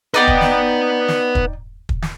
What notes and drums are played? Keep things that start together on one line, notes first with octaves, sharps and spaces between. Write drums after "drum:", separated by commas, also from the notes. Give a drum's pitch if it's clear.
D#4 B4 D5 F#5 G5
drum: kick
drum: snare
drum: snare
drum: kick
drum: kick
drum: snare